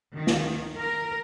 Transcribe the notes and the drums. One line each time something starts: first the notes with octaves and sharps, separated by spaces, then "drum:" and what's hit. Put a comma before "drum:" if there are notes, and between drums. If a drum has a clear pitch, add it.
D#3
drum: snare
A#4